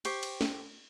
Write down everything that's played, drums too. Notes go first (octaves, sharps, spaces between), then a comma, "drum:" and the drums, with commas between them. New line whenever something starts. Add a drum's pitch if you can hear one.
G4 C5 C#6, drum: cymbal
drum: cymbal
drum: snare